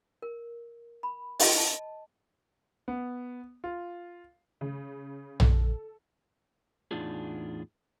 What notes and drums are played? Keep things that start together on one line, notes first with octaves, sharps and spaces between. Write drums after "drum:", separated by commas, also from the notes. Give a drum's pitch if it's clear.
A#4
B5
D#5, drum: open hi-hat
A5
B3
F4
C#3
A4, drum: tom A#1
E2 A2 D4 D#4 F4 G#4